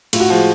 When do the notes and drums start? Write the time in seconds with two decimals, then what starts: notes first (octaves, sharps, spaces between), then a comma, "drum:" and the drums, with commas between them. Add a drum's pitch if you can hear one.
0.13 A2 F4, drum: cymbal
0.20 F#4
0.29 F3 G#3 F4